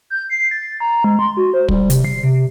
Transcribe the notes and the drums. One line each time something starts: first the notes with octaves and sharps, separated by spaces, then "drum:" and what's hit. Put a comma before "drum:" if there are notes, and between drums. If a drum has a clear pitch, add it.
G6
C7
A6
A#5
G#3
C6
F#4
C5
G3, drum: kick
C3, drum: hi-hat
C7
C3